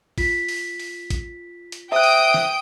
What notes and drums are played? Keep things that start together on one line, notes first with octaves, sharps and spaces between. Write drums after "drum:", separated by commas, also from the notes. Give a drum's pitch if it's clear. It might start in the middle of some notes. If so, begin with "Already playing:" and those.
F4 B6, drum: kick, open hi-hat
drum: open hi-hat
drum: open hi-hat
drum: kick, hi-hat
drum: hi-hat
C5 E5 G5 D#6 F#6 D7
drum: open hi-hat
drum: snare